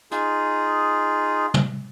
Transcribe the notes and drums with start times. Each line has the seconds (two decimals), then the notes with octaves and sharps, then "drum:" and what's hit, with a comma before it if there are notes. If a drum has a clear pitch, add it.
0.11 D#4 F4 G#4, drum: hi-hat
1.54 drum: tom